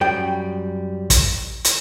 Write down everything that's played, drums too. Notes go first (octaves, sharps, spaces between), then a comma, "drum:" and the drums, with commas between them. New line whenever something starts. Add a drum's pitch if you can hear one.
F#2 G3 G5
drum: kick, hi-hat
drum: hi-hat